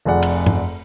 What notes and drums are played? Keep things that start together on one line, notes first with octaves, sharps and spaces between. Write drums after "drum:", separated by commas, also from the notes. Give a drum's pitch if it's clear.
F1 F2 G#4 D5 F#5
drum: cymbal
drum: tom G2